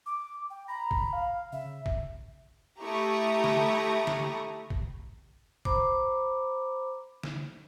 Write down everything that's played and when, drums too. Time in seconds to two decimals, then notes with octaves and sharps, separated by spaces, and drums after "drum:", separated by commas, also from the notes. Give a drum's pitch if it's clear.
0.06 D6
0.50 G5
0.68 A#5 B5
0.91 drum: kick G1
1.13 F5
1.52 C#3 E5
1.86 drum: kick G1
2.81 A3 E4 G4 A#5 C#6 D#6
3.44 drum: snare
4.07 drum: snare
4.70 drum: kick G1
5.65 C5 A#5 B5 D6, drum: kick G1
7.23 drum: snare